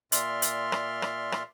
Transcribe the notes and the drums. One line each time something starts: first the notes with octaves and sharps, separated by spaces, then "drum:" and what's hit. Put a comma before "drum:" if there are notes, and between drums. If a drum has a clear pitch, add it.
A#2 D5 E5 C6 F6, drum: hi-hat
drum: hi-hat
drum: rim click
drum: rim click
drum: rim click